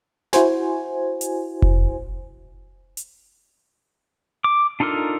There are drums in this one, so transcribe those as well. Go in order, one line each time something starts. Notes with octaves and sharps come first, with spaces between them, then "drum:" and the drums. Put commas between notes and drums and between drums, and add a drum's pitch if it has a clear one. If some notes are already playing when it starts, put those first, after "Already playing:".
E4 F#4 C5 G#5, drum: snare
drum: hi-hat
drum: kick F1
drum: hi-hat
D6
D4 D#4 F4 A4 A#4